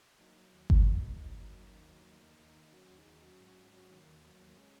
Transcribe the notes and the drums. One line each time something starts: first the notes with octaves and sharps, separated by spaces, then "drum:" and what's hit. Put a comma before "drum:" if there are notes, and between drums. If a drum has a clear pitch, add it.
F#3 A#3 D#4
F#3
D#2
D#2 A#3 D#4, drum: kick G1
F#3
D#2
F#3
F#3
F#2
D#2
F#3
D#2
D#2
D#2
D#3
F#3 C#4 F#4
D#2
D#4 G#4
D#2
F#3 C#4 F#4
G#2
C#4 F#4
G#2
F#3 C#4 F#4
D#3 C#4
A#3
D#2
F#3 A#3
D#2 A#3
G#3 C#4